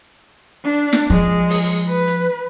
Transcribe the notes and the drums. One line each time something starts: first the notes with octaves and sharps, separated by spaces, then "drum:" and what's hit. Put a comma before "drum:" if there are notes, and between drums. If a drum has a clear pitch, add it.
D4
drum: snare
F3 G#3
drum: open hi-hat
B4
drum: hi-hat